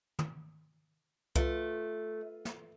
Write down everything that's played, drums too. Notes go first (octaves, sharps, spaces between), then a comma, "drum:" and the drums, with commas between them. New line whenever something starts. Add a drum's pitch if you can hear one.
drum: tom
A3 F4 B4, drum: kick C2
drum: snare